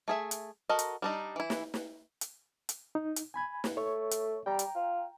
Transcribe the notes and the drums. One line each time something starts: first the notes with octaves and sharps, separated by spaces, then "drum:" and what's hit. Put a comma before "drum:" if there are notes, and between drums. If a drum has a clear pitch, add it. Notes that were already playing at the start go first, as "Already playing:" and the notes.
A3 G#4 E5
drum: hi-hat
F#4 A4 A#4 D#5
drum: hi-hat
G3 D4 D#4
E3 E4
drum: snare
drum: snare
drum: hi-hat
drum: hi-hat
D#4
drum: hi-hat
G#5 B5 G#6
drum: snare
A3 C#5 C#6
drum: hi-hat
G3 G5 A#5
drum: hi-hat
F4